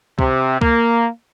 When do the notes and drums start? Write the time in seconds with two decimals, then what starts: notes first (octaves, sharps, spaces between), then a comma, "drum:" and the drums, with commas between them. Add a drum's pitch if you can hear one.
0.19 C3, drum: kick C2
0.62 A#3, drum: kick C2